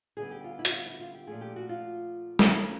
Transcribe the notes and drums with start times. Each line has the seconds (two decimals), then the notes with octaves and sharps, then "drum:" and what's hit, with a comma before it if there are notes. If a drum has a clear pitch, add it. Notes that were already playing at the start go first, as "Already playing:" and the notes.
0.17 D2 D3 G3 B3 G#4
0.31 G4
0.44 F4
0.59 E4
0.65 F#4, drum: hi-hat
0.73 F4
0.86 E4
1.00 F4
1.14 G4
1.27 A#2 F3 A3 G#4
1.41 G4
1.56 F#4
1.69 F4
2.39 C#3 F#3 A3 C#4, drum: snare